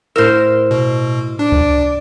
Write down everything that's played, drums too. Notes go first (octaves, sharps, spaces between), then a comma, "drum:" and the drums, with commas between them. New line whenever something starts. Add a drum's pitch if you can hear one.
A2 E4 A#4 C5 E6
B2
D4 D5
drum: kick C#2